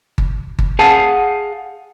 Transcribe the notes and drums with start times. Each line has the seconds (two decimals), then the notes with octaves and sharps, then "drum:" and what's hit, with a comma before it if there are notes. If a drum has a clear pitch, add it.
0.18 drum: kick G1
0.59 drum: kick G1
0.79 G#4 F5 F#5 G#5 A5